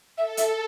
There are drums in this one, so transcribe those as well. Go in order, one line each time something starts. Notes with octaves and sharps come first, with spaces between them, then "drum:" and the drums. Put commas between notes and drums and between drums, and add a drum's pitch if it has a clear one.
A4 E5
E5, drum: hi-hat